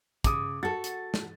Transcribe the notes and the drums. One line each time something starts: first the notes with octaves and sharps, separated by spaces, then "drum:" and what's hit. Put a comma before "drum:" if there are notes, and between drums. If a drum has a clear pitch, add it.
C#3 D6 D#6, drum: kick, hi-hat
F#4 A4 A6
drum: hi-hat
drum: snare